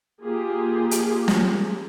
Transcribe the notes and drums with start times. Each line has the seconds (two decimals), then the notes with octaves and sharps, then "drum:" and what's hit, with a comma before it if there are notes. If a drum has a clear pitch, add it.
0.22 A#3 F4 G4 G#4
0.91 drum: hi-hat
1.28 drum: snare